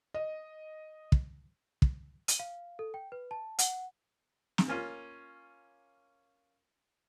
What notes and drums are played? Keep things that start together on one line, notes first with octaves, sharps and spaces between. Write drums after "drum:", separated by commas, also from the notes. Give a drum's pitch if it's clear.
D#5
drum: kick
drum: kick
D#7, drum: hi-hat
F5
A4
G5
B4
A5
F#5, drum: hi-hat
drum: snare
A#3 C#4 F4